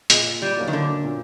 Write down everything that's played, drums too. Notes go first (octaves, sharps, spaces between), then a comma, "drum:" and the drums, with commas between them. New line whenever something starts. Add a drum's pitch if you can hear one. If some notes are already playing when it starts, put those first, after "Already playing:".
A#2 G#3, drum: hi-hat
G3
F#3 A#3 D#4 F#4
D#3
D3
A#2